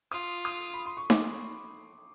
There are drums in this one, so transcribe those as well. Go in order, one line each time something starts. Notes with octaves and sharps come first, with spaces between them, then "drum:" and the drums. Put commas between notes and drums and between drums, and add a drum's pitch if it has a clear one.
F4 D#6
D#6
B5
C6
C#6
D6, drum: snare D#4